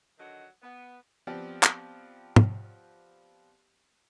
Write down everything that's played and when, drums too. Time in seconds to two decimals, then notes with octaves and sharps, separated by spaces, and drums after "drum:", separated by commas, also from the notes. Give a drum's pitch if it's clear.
0.18 D3 D#3 F#3 D#5 F#5
0.62 B3
1.27 F3 B3 C4 G4 D5
1.63 drum: clap
2.36 drum: tom